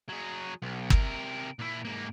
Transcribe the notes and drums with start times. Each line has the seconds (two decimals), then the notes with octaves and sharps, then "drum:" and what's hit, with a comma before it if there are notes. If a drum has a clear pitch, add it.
0.09 F#3 G#4
0.62 B1
0.90 C3 A#4, drum: kick
1.59 A#2 E4
1.85 G#2 A#3